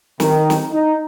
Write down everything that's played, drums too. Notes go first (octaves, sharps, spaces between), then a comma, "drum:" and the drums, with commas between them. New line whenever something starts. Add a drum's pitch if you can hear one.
D#3, drum: snare
drum: snare
D#4